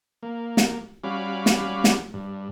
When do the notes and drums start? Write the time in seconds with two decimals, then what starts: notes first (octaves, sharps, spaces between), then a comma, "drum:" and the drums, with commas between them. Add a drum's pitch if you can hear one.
0.23 A#3
0.57 drum: snare
1.04 G3 C#4 F#4 F5 B5 D6
1.46 drum: snare
1.84 drum: snare
2.14 G2